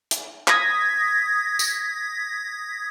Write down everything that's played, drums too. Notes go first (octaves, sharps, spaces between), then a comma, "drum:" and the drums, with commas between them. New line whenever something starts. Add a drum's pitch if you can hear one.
drum: hi-hat
D#6 G#6 A#6 B6, drum: clap
drum: tambourine